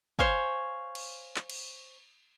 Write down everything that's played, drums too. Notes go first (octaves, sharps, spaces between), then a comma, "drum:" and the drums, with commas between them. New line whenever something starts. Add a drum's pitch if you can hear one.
C5 C#5 F5 G#5, drum: kick
drum: cymbal
drum: clap
drum: cymbal